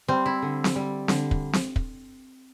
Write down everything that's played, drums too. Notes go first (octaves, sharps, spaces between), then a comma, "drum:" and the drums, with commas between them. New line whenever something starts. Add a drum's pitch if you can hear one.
G3 C4
E4
D3
drum: snare C4
G3
D3, drum: snare C4
drum: kick
drum: snare C4
drum: kick